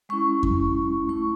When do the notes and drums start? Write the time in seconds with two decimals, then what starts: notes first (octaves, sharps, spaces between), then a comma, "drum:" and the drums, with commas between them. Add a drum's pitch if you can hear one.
0.09 G#3 C#4 E4 C#6
0.43 drum: kick F2
1.09 A3 E4 C#6